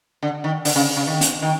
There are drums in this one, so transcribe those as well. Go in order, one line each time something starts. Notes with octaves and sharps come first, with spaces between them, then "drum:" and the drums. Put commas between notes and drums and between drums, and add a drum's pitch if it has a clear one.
D3
D#3
D3, drum: open hi-hat
C#3
C#3
D#3
drum: hi-hat
D#3